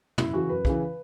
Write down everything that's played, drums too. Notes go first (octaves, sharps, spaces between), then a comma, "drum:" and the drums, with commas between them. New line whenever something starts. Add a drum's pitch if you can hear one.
F#2 E4, drum: tom
C#3 E3 F#4
F#2 B4
C#3 E3, drum: kick